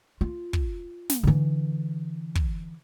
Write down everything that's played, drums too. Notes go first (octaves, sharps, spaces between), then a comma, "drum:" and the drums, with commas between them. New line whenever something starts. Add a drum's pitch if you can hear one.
F4
drum: kick
drum: snare
D3 E3
drum: kick